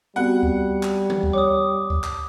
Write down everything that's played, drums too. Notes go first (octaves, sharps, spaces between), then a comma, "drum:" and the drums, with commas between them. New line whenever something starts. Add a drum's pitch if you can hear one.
G3 B3 C4 F#4 F#5
drum: kick C#2
drum: clap
drum: tom D#3
drum: kick C#2
C#5 D6 D#6
drum: kick C#2
drum: clap